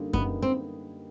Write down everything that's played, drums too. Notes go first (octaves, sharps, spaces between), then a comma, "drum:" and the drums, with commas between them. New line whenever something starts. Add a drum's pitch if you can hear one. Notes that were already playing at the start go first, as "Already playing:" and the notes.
Already playing: F#2 D3 G3 A#3 D#4
F#2 D3 G3 A#3 B3 D#4, drum: kick F#2
C4